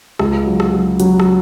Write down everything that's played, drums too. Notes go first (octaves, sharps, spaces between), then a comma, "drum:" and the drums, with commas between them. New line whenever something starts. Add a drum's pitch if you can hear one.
C#2, drum: rim click
F#3
drum: rim click
F#3
F#3, drum: hi-hat
drum: rim click